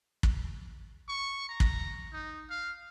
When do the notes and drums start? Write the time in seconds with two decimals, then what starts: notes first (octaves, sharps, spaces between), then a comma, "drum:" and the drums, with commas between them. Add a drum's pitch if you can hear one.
0.23 drum: kick
1.09 C#6
1.49 A#5
1.60 drum: kick
2.13 D#4
2.50 F5